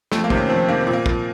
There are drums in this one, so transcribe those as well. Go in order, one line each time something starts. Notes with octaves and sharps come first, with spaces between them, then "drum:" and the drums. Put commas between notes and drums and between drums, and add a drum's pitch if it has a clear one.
F2 A3, drum: snare
A#3
C3 D#3, drum: kick
C#4
F2 C4
C3 D#3 A#3
C4
A#2
A#3
F3, drum: kick